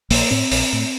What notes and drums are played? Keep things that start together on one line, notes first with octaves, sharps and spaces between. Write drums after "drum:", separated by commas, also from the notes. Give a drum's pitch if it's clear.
A#1 A#3, drum: open hi-hat
A2 C4
A#1, drum: open hi-hat
A2